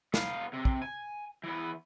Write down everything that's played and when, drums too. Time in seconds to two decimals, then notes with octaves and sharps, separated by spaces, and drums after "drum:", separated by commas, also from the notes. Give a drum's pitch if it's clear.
0.14 B3 F5, drum: snare
0.53 C3
0.65 drum: kick
0.82 G#5
1.44 E3 B3